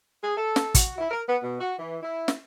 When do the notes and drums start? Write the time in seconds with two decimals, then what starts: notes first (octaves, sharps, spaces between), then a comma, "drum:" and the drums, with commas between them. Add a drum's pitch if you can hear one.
0.23 G#4
0.36 A4
0.56 drum: snare
0.74 F#4, drum: kick, hi-hat
0.98 E4
1.11 A#4
1.26 B3
1.42 B2
1.60 F#4
1.78 E3
2.02 E4
2.28 drum: snare